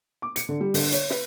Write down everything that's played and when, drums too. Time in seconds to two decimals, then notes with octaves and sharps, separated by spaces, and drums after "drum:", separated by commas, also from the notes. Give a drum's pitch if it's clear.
0.22 D6
0.36 C#7, drum: hi-hat
0.49 D3
0.61 G3
0.74 D3, drum: open hi-hat
0.92 C#5, drum: hi-hat
1.10 B4, drum: snare